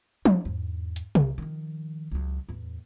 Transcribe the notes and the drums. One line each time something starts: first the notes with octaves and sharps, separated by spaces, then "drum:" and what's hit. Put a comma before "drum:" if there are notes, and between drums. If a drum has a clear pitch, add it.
C#4 D4, drum: tom F3
E2 G#2
drum: hi-hat
C2, drum: tom C3
D#3 F3
C#2 F#3
E2 A2